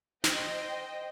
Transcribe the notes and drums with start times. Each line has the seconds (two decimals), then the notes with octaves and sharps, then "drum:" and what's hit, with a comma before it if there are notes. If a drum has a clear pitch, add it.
0.24 C5 D#5 G5, drum: snare